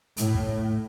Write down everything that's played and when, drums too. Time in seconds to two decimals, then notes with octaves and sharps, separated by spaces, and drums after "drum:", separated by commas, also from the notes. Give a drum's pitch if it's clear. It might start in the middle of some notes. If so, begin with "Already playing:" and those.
0.17 A2, drum: hi-hat
0.35 drum: kick